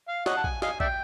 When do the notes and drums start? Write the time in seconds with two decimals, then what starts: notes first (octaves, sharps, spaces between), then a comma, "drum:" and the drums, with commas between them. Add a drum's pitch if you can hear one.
0.08 F5
0.26 C#5 D#5 F#5, drum: snare
0.37 A5
0.44 G#5, drum: kick A#1
0.62 D#5 F5 G#5, drum: snare
0.80 D5 E5 G5, drum: kick A#1